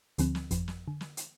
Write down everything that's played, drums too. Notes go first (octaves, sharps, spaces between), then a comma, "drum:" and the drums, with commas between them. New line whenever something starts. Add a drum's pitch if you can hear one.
D2 D3 F3 C4, drum: hi-hat
drum: snare
G1 F2 F3, drum: hi-hat
drum: snare
D3
drum: snare
drum: hi-hat